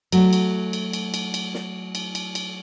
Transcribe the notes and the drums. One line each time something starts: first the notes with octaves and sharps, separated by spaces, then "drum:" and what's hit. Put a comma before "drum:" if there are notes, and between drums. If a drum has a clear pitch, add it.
F#3 A3, drum: cymbal
drum: cymbal
drum: cymbal
drum: cymbal
drum: cymbal
drum: cymbal
drum: snare
drum: cymbal
drum: cymbal
drum: cymbal